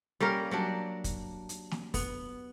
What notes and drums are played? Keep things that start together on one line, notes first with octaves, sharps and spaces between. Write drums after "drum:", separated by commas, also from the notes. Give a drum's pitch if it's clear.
G3 A#3 C#4 A#4
F#3 G3 D4
drum: kick, hi-hat
drum: hi-hat
drum: snare
B3, drum: kick, open hi-hat